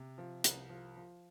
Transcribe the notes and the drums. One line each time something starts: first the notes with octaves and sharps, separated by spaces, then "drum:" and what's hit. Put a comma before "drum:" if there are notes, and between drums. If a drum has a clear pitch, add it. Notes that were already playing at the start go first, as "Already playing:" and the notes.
Already playing: C3
F3
C2, drum: hi-hat
F3
F3